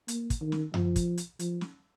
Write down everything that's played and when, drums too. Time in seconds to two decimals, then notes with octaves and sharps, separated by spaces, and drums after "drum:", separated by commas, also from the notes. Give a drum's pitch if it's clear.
0.08 A#3, drum: hi-hat
0.30 drum: kick, hi-hat
0.41 D#3
0.52 drum: snare
0.74 F3, drum: tom F#2
0.96 drum: kick, hi-hat
1.18 drum: hi-hat
1.39 F3, drum: hi-hat
1.61 drum: snare